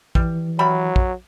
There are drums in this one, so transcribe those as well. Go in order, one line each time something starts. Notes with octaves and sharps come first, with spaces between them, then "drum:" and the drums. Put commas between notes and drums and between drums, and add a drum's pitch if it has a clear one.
E3 G3, drum: kick
F#3 G3 E4 B5
drum: kick